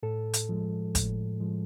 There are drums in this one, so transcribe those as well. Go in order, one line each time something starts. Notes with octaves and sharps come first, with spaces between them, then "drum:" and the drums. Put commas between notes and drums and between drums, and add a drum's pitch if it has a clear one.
A2 A4
drum: hi-hat
F3 G#3
A2, drum: kick, hi-hat
F3 G#3